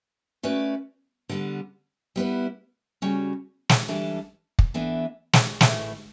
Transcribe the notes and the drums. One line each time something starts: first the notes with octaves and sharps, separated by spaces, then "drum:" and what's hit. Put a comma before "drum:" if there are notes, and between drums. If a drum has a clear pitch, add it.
A3 C#4 F#4 B4 D5
D3 G3 B3
G3 B3 E4 B4
C#3 G3 C#4 F#4
drum: snare
E3 G3 D4 A4
drum: kick
E3 B3 D4 A4 E5
drum: snare
A2 E3 A3 E4, drum: snare